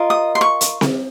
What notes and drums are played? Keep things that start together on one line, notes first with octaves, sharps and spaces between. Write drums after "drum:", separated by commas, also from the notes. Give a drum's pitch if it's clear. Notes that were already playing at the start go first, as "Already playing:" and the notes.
Already playing: F4 A#4 D#5
D#6
C6
C#6
drum: hi-hat
drum: snare C4